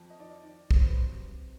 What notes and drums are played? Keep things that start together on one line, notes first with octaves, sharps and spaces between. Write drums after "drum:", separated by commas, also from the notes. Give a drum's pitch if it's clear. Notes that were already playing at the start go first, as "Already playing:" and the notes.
Already playing: F2
D#5
D#3 D5
D#3
F#3 C5, drum: kick
B4
C3 C5